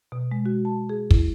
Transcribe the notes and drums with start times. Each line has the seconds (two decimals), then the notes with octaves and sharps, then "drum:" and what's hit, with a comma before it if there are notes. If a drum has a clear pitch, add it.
0.12 B2
0.32 G#3
0.46 F#4
0.65 A5
0.89 G#4
1.11 E4, drum: kick